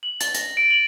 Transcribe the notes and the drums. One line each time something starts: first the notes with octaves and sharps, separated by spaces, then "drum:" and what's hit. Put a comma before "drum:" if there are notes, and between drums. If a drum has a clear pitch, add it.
F#7
A6, drum: hi-hat
A#6, drum: hi-hat
D7
F#7